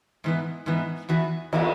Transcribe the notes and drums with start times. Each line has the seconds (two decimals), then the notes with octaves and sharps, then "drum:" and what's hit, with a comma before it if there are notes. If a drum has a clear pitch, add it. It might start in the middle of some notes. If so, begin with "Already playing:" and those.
0.24 G#2 E3 B3
0.66 G#2 E3 B3
1.09 E2 E3 B3 F#4
1.53 E3 B3 F#4, drum: cymbal